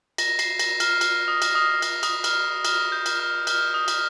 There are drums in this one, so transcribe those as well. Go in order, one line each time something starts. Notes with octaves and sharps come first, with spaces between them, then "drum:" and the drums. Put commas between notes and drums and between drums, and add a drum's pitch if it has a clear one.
A#6, drum: cymbal
C7, drum: cymbal
A#6, drum: cymbal
F6, drum: cymbal
F6, drum: cymbal
D#6
drum: cymbal
D#6
F6, drum: cymbal
D#6, drum: cymbal
F6, drum: cymbal
F6, drum: cymbal
G6
drum: cymbal
F6
F6, drum: cymbal
D#6
drum: cymbal